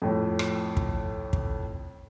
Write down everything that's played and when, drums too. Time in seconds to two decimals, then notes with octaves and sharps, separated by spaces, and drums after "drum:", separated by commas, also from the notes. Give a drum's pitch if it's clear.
0.02 F2 A2
0.39 drum: rim click
0.77 drum: kick
1.33 drum: kick